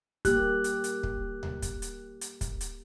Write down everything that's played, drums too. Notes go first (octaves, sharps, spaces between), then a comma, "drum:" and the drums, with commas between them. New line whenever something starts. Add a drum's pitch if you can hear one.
A#3 G4 F#6, drum: kick, hi-hat
drum: hi-hat
drum: hi-hat
drum: kick
drum: tom D2
drum: kick, hi-hat
drum: hi-hat
drum: hi-hat
drum: kick, hi-hat
drum: hi-hat